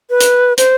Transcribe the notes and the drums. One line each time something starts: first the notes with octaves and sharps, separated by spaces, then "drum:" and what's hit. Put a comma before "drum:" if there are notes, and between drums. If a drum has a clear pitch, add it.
B4
drum: hi-hat
C5, drum: hi-hat